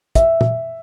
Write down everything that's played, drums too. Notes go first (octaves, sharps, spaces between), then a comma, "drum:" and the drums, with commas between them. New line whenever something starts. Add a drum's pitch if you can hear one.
E5, drum: kick, hi-hat
drum: tom A#2